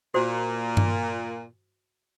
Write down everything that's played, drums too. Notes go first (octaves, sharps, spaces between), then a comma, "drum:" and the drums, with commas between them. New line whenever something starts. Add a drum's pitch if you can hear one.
A#2 F#4 C5
drum: tom G2